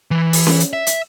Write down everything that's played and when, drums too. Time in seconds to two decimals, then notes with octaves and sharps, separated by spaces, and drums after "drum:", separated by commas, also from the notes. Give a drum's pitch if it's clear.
0.11 E3
0.33 drum: open hi-hat
0.47 drum: snare C#4
0.60 drum: hi-hat
0.73 E5
0.87 drum: hi-hat